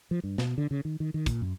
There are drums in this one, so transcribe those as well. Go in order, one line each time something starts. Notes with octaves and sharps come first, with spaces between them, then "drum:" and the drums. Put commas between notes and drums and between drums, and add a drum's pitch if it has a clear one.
F3
G2
B2, drum: snare
D3
C#3
D#3
D#3
D#3
A#2, drum: kick, hi-hat
F#2